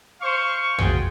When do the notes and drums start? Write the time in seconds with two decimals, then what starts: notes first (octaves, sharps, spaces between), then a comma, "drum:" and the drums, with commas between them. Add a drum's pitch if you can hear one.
0.22 C5 F5 C#6
0.78 F4 F#4 G#4 G5, drum: tom